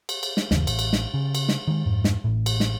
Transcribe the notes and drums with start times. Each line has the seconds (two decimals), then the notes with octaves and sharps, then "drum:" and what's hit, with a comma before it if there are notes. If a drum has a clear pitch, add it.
0.09 drum: cymbal
0.23 drum: cymbal
0.37 drum: snare
0.51 G1 D#2 C#3 E3, drum: snare
0.67 A1, drum: cymbal
0.79 drum: cymbal
0.93 drum: snare
1.14 C#3
1.35 drum: cymbal
1.48 drum: snare
1.67 D#3 G#3
1.86 F2 G#2
2.04 drum: snare
2.24 A1 A2
2.46 drum: cymbal
2.60 drum: snare